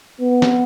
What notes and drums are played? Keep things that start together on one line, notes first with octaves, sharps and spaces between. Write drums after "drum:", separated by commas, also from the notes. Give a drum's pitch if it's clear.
B3
drum: snare